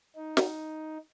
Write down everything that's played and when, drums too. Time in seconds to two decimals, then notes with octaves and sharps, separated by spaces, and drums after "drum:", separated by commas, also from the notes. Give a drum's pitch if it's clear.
0.16 D#4
0.37 drum: snare